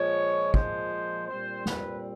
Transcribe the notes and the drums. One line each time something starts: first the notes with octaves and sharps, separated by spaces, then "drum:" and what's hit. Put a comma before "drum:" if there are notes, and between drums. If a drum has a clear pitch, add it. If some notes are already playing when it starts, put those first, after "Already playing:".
Already playing: A#2 F3 G#3 C#5
C5, drum: kick
A#2 G3 C4 C5
B4, drum: snare